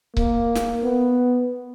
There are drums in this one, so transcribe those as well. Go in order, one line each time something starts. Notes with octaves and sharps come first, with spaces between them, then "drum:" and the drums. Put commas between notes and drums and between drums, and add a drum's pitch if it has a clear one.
A#3, drum: kick C#1
drum: snare
B3